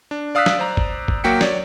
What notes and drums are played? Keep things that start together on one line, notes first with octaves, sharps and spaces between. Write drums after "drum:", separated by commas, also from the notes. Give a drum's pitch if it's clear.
D4
D5 F5 D#6 E6 F#6 B6
drum: snare
C5 D5 A#5
drum: kick G#1
drum: kick G#1
F#3 A#3 F#4 G5 B6 C#7
C#5 D5, drum: snare